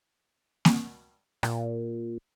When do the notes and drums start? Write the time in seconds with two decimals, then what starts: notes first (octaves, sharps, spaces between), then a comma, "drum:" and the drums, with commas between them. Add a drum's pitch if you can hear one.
0.65 drum: snare A#3
1.43 A#2, drum: rim click